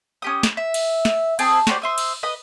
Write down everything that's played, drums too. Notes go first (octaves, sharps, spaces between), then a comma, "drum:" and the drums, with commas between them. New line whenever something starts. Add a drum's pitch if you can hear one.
C#4 G4 D#6
drum: snare
E5
drum: cymbal
drum: snare
C4 G#4 A5 D#6, drum: cymbal
F#4 G4 C5 D5, drum: snare
C5 E5 D#6
drum: cymbal
B4 D#5 D#6